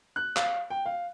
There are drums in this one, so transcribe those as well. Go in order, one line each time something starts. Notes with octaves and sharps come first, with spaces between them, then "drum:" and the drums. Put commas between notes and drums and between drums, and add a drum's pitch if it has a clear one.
F#6
F5, drum: clap
G5
F5